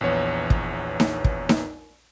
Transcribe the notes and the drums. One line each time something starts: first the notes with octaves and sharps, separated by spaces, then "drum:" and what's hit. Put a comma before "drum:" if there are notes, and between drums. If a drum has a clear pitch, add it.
A#1 E2 B3 C#5
drum: kick
drum: snare D#4
drum: kick
drum: snare D#4